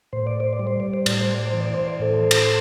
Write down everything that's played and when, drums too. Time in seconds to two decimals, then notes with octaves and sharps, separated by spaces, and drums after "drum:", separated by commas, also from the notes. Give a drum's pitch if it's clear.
0.13 A2 C5
0.27 D5
0.40 C5
0.53 D5
0.59 G3
0.67 C5
0.80 D5
0.94 C5
1.06 A2 D5, drum: cymbal
1.21 C5
1.34 D5
1.47 C5
1.54 E3
1.61 D5
1.74 C5
1.88 D5
2.00 A2 A4 C5
2.31 drum: cymbal